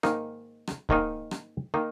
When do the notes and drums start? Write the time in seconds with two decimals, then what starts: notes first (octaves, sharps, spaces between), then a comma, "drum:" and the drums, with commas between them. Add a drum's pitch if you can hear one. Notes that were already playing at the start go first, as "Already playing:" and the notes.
0.03 G#2 D#3 A#3 D#4, drum: rim click
0.67 drum: rim click
0.89 G#2 D#3 A#3 D#4, drum: kick C#1
1.31 drum: rim click
1.74 D#3 A#3 D#4